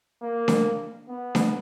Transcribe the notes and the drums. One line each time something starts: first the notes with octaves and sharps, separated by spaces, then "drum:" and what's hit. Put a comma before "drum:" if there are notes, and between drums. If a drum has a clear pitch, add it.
A#3
drum: snare D4
B3
drum: snare D4